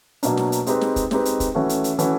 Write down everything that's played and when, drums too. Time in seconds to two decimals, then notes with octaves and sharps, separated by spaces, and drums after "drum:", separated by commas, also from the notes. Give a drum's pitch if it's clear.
0.23 B2 F#3 A#3 D4, drum: hi-hat
0.37 drum: snare
0.52 drum: hi-hat
0.67 G#3 C4 D#4 G4 B4, drum: hi-hat
0.81 drum: snare
0.96 drum: kick, hi-hat
1.11 G#3 C4 D#4 G4 B4, drum: snare
1.25 drum: hi-hat
1.40 drum: kick, hi-hat
1.55 E3 A3 C#4 F#4
1.69 drum: hi-hat
1.84 drum: hi-hat
1.99 E3 A3 C#4 F#4, drum: hi-hat